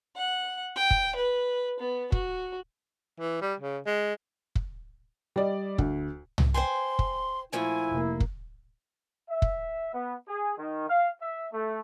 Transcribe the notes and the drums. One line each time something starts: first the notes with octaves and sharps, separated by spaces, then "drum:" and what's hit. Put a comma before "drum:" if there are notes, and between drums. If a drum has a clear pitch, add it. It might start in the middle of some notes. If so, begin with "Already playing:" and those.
F#5
G5
drum: kick
B4
B3
F#4, drum: kick
E3
G3
C#3
G#3
drum: kick
G3 D5 D#5
D2, drum: kick
drum: tom
C5 G5 G#5 C6
drum: kick
A#2 F3 A3 E4 G#5
F1 A#3
drum: kick
E5
drum: kick
B3
G#4
D#3
F5
E5
A3